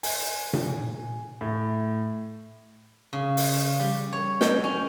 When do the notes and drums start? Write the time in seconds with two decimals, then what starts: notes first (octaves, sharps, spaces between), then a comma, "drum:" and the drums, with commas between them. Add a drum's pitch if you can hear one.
0.03 G#5, drum: open hi-hat
0.53 drum: tom A#2
1.41 A2
3.13 C#3
3.37 drum: open hi-hat
3.80 G3
4.13 C#5
4.41 G5, drum: snare
4.64 C#4